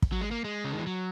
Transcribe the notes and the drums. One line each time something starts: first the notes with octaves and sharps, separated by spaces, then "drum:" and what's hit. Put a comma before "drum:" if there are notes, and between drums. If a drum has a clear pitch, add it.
drum: kick
F#3
G#3
A#3
G#3
C#3
D#3
E3
F#3